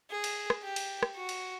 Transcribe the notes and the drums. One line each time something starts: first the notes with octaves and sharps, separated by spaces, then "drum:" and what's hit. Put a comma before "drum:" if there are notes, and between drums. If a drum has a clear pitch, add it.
G#4
drum: cymbal
drum: rim click
G4
drum: cymbal
drum: rim click
F#4
drum: cymbal